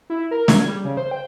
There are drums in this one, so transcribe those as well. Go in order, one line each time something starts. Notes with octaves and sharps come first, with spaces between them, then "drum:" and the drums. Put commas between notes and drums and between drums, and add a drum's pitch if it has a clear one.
E4
A#4
G#6, drum: snare
G3
C#3
C5
G5